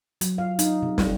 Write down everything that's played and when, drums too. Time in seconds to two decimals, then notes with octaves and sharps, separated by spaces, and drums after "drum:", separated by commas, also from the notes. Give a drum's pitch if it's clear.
0.21 F#3, drum: hi-hat
0.38 F5
0.59 D#4, drum: hi-hat
0.82 C3
0.98 G3, drum: snare